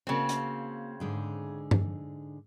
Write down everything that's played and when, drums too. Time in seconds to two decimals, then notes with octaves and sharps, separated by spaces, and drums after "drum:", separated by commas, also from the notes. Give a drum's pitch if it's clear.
0.07 C#3 A#3 C4 F#4
0.29 drum: hi-hat
1.00 G#2 D3 G#4
1.71 drum: tom G2